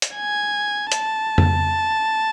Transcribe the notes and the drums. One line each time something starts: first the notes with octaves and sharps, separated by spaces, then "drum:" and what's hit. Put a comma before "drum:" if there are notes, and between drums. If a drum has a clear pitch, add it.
drum: hi-hat
G#5
A5, drum: hi-hat
drum: tom F2